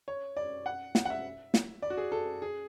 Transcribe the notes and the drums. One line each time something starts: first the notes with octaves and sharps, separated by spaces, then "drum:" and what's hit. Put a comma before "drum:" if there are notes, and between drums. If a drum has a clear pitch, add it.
C#5
D5
F#5
F#5, drum: snare
F#5
E5
drum: snare
D5
F#4
G#4
A4
G#4